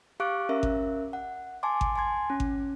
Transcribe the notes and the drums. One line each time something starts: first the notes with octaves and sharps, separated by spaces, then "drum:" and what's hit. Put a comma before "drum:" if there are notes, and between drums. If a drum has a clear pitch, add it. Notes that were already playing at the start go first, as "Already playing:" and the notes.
G4 F5 C#6 D6 F#6 D7
C#4 A#4 E5
drum: kick G#1
F#5
G#5 A5 C6 D6
drum: kick G#1
G#5 A5 C6 G#6
C#4
drum: kick G#1